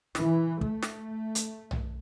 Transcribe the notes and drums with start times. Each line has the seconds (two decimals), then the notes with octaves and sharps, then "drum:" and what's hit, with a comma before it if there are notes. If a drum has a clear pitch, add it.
0.15 E3, drum: snare
0.61 A3, drum: kick
0.82 drum: snare
1.35 drum: hi-hat
1.71 drum: tom B1